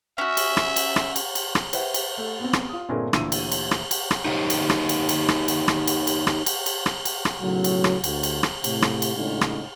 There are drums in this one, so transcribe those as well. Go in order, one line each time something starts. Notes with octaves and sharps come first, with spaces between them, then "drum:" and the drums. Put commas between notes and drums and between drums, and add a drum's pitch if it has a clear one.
C#4 F#4 E5
drum: cymbal
drum: rim click
drum: cymbal
drum: rim click
drum: cymbal
drum: cymbal
drum: rim click
B4 C5 E5 F#5 G5, drum: cymbal
drum: cymbal
A3
B3 C4
drum: rim click
F4 D#6
G1 A#2 D3 C4 G#4 A#4
D2 A#2 E3 E6 D#7, drum: rim click
drum: cymbal
drum: cymbal
drum: rim click
drum: cymbal
drum: rim click
D#4 G4 C5 C#5
drum: cymbal
drum: rim click
drum: cymbal
drum: cymbal
drum: rim click
drum: cymbal
drum: rim click
drum: cymbal
drum: cymbal
drum: rim click
drum: cymbal
drum: cymbal
drum: rim click
drum: cymbal
drum: rim click
B1 A2 C#3 F#3
drum: cymbal
drum: rim click
D2, drum: cymbal
drum: cymbal
drum: rim click
A2 C3, drum: cymbal
drum: rim click
drum: cymbal
G#1 A2 C#3 G#3 D4 D#4
drum: rim click